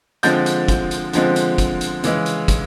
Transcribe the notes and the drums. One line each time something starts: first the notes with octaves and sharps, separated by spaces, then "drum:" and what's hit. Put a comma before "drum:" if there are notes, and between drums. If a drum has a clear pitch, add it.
D3 F3 G#3 C4 G6 A6, drum: hi-hat
drum: hi-hat
drum: kick, hi-hat
drum: hi-hat
D3 F3 G#3 C4, drum: hi-hat
drum: hi-hat
drum: kick, hi-hat
drum: hi-hat
C#3 E3 G#3, drum: hi-hat
drum: hi-hat
drum: kick, hi-hat